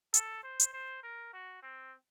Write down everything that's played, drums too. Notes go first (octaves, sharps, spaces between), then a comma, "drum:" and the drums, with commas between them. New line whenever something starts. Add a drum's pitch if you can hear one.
A4, drum: hi-hat
C5
drum: hi-hat
C5
A#4
F#4
C4